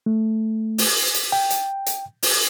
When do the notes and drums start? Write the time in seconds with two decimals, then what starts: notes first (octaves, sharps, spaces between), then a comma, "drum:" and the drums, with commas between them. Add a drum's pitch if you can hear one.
0.06 A3
0.78 drum: open hi-hat
1.14 drum: hi-hat
1.32 G5
1.50 drum: hi-hat
1.86 drum: hi-hat
2.23 drum: open hi-hat